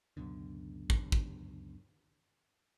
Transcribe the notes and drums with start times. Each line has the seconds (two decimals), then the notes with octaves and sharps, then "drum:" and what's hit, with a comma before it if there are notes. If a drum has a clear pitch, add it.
0.17 C#2 F#2 B2 D3
0.90 drum: kick
1.12 drum: kick